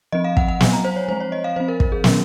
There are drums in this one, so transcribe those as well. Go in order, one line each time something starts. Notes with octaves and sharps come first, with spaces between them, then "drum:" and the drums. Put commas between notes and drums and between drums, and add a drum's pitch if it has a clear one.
F3 C4 D#5
F5
F#5, drum: kick
F#5
F#3 C4 G#5, drum: snare
A#5
C5
C#5
F3 G#3 C4 C5
C#5
D#5
F5
F3 C4 C5
A#4
A#4, drum: kick
G#4
D#3 F#3 A#3 C#4 A#4, drum: snare